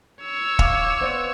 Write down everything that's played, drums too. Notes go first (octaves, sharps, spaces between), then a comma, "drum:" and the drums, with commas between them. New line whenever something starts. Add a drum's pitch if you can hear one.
C#5 E6
F5 D6, drum: kick
B3 C5 D5